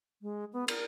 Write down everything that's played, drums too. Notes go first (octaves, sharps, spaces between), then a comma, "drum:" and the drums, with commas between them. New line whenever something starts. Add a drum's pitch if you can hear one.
G#3
B3
A#4, drum: cymbal